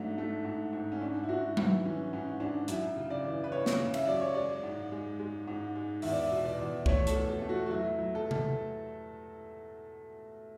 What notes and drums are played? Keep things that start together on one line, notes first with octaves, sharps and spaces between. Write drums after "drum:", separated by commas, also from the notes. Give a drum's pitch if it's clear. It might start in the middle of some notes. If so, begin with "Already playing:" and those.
Already playing: G#2 F#3 A3 D4
A3
G#2
G#2
C#4
G#2 D4
E4
G#2 F#4
E3 E4, drum: tom F#3
E3 C#4
G#2 C#4
G#2 D4
F#2 E4, drum: hi-hat
C#3
D5
E3
B4
C#3 C#5
drum: snare
C#3
E5, drum: cymbal
F#2 D5
C#5
G#3 D5
G#2
G#3
G#3
G#2
G#3
E2 E5, drum: open hi-hat
D5
E5
B2
D5
E2
A3 C#5, drum: kick C2
A4, drum: hi-hat
E2
A4
A3
F#4
F#4
F#3 E4
F#3
A4
drum: tom C3